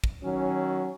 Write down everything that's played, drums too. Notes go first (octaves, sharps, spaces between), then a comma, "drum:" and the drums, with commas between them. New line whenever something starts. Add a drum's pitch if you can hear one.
drum: kick
D#3 F#3 C#4